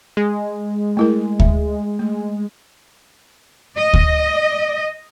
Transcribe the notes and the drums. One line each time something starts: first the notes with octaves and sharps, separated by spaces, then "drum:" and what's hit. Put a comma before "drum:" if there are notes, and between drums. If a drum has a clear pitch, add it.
G#3
A3 E4 A#4
E5, drum: kick D2
A3
D#5
drum: kick D2